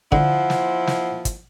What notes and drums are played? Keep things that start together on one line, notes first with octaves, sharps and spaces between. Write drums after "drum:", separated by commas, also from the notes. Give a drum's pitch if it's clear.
D3 F3 E4 C5 F#5, drum: kick
drum: snare
drum: snare
drum: kick, hi-hat